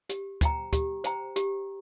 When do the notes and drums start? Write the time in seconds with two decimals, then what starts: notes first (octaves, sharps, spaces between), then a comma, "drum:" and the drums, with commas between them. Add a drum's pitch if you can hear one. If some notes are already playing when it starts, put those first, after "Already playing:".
0.09 G4, drum: hi-hat
0.41 C5 G5 A#5, drum: kick, hi-hat
0.73 G4, drum: kick, hi-hat
1.04 C5 G5 A#5, drum: hi-hat
1.36 G4, drum: hi-hat